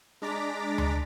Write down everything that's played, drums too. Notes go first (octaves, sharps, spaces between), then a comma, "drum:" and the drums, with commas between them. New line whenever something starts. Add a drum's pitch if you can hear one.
G#3 D4 A#5 D6 A6 B6
drum: tom D2